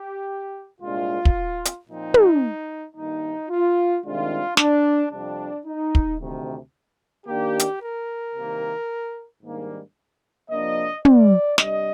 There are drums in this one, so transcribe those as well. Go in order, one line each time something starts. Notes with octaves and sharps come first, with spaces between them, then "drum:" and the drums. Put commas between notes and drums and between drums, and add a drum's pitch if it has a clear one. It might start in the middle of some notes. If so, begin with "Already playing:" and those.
Already playing: G4
C2 A#2 G#3 D4 F4
drum: kick
drum: hi-hat
A#2 F3 C4 D#4
drum: tom
G2 D#3 A#3 D#4
F4
C2 C3 D#3 G#3 D4 F4
D4, drum: snare
F2 C3 G3 D4
D#4
drum: kick
D2 C3 D#3
D#2 D#3 A#3 D4 G4
drum: hi-hat
A#4
C2 C3 D#3 A#3
G#2 D#3 G3 A#3 D4
C3 F3 A#3 D4 D#5
D5, drum: tom
C3 G3 D4 D#5, drum: snare